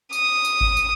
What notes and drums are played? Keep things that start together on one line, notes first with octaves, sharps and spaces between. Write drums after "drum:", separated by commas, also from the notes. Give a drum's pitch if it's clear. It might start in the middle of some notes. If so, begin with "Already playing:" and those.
D#6, drum: tambourine
drum: tambourine
drum: kick G#1
drum: tambourine